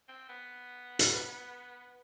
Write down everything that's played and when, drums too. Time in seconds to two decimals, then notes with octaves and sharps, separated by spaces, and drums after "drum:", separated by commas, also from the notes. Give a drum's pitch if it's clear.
0.08 C4
0.29 B3
0.99 drum: hi-hat
1.14 B4